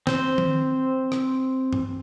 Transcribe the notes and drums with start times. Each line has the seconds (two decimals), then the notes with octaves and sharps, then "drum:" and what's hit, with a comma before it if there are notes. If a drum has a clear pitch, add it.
0.07 C4 C5, drum: snare
0.38 drum: tom D#3
1.12 drum: rim click
1.73 drum: tom G2